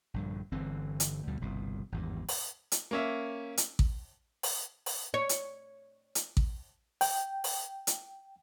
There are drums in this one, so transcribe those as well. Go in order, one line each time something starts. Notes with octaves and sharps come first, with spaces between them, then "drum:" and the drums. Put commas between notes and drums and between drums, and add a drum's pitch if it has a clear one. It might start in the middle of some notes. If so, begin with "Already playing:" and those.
A#1 G2 D3
G1 D3 E3 C4
drum: hi-hat
D2 B2 G3
G1 C2 B2
G#1 E2 G2
drum: open hi-hat
drum: hi-hat
A#3 C#4 E5
drum: hi-hat
drum: kick A1
drum: open hi-hat
drum: open hi-hat
C#5
drum: hi-hat
drum: hi-hat
drum: kick A1
G5, drum: open hi-hat
drum: open hi-hat
drum: hi-hat